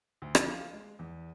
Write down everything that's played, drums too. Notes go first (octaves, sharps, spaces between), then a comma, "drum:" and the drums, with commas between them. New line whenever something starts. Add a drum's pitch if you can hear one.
D2
F3, drum: rim click
F5
G#3
E2